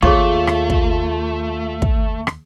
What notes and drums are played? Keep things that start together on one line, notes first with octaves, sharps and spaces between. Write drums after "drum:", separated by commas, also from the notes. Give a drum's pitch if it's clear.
D#2 A3 F4 G#4 C#5 C#6, drum: kick
drum: rim click
drum: kick
drum: kick
drum: rim click